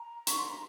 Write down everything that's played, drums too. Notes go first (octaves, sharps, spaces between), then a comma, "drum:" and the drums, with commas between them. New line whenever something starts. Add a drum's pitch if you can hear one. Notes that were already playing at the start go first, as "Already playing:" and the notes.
Already playing: A#5
C#6, drum: hi-hat
C6
A#5